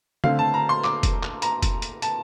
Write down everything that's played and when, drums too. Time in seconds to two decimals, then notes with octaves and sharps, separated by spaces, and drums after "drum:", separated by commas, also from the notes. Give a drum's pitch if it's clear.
0.24 D3 A3 C4 F5, drum: tom C#3
0.39 A5
0.54 A#5
0.69 C6
0.84 D6, drum: clap
1.03 drum: kick F1, hi-hat
1.23 drum: clap
1.42 A#5, drum: hi-hat
1.63 drum: kick F1, hi-hat
1.82 drum: hi-hat
2.02 A5, drum: hi-hat